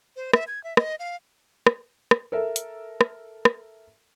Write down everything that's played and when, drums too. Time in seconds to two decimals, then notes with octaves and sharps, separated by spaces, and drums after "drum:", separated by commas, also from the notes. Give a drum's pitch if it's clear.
0.16 C5
0.33 E5, drum: rim click
0.48 G#6
0.64 E5
0.77 D#5, drum: rim click
0.99 F5
1.67 drum: rim click
2.11 drum: rim click
2.32 A4 A#4 E5
2.56 drum: hi-hat
3.01 drum: rim click
3.45 drum: rim click